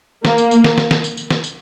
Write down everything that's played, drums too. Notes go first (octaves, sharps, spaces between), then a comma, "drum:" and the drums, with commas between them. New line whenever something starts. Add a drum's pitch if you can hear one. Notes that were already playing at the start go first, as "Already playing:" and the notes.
A#3, drum: snare
drum: tambourine
drum: tambourine
drum: snare
drum: snare
drum: snare
drum: tambourine
drum: tambourine
drum: snare
drum: tambourine